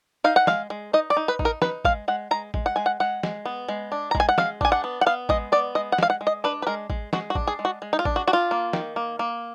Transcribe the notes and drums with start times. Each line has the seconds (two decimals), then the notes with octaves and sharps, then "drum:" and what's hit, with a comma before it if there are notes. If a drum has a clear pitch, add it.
0.24 D#4 F5
0.36 F#5
0.47 G#3 F5, drum: snare
0.70 G#3
0.93 D#4 D#5
1.10 D5
1.17 D#4
1.28 B4
1.39 D#4, drum: kick A1
1.45 A#4
1.62 D#4 B4, drum: snare
1.85 G#3 F5, drum: kick A1
2.08 G#3 F#5
2.31 G#3 A#5
2.54 G#3, drum: kick A1
2.66 F#5
2.76 G#3 G#5
2.86 F#5
3.00 G#3 F#5
3.23 G#3, drum: snare
3.45 B3
3.68 G#3
3.92 D4
4.11 A#5
4.15 G#3, drum: kick A1
4.20 G#5
4.29 F#5
4.38 G#3 F5, drum: snare
4.61 D4 G#5, drum: kick A1
4.72 F#5
4.84 B3
5.01 F#5
5.06 B3 F5
5.29 G#3 D#5, drum: kick A1
5.52 B3 D5
5.75 G#3 D#5
5.92 F#5
5.98 G#3 F5, drum: snare
6.10 F#5
6.21 G#3
6.27 D#5
6.44 D4 B4
6.62 B4
6.67 G#3 A#4
6.90 G#3, drum: kick A1
7.13 G#3 F#4, drum: snare
7.30 F#4
7.35 D4, drum: kick A1
7.47 G#4
7.59 G#3
7.65 F#4
7.82 G#3
7.93 D#4
7.99 F4
8.05 D4, drum: kick A1
8.16 F#4
8.27 D4 F#4
8.33 F4
8.51 A#3
8.73 D#3, drum: snare
8.96 A#3
9.19 A#3